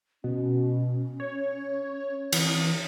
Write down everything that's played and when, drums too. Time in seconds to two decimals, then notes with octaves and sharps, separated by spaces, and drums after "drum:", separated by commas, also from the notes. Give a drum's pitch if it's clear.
0.24 B2 C#4
1.20 C#5
2.33 E3 C4, drum: cymbal